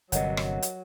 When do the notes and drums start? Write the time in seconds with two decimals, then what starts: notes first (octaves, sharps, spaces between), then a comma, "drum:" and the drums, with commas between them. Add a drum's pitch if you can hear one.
0.12 G1 C3 F#3 A#4 C#5 D#5 F#5, drum: hi-hat
0.37 drum: rim click
0.62 drum: hi-hat